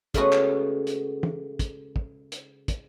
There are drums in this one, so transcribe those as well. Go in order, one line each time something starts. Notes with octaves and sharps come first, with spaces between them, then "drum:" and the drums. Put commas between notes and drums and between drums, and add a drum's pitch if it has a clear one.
C#3 G#3 A3 B3 C#4 F#4, drum: kick, hi-hat
drum: clap
drum: hi-hat
drum: tom
drum: kick, hi-hat
drum: kick
drum: hi-hat
drum: kick, hi-hat